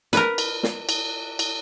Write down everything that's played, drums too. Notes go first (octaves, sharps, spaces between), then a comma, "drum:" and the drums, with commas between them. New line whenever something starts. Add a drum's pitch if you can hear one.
A#4 B4, drum: snare
drum: cymbal
drum: snare
drum: cymbal
drum: cymbal